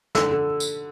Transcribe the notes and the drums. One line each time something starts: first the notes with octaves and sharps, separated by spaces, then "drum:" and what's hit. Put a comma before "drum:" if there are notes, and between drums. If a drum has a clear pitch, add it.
D3 E6, drum: snare
D3
drum: tambourine